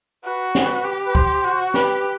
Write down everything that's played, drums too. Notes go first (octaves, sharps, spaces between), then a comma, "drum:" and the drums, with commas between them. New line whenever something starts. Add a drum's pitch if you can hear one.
F#4 B4
B4, drum: snare
G4
B4
C5, drum: kick
F#4
G4 B4, drum: snare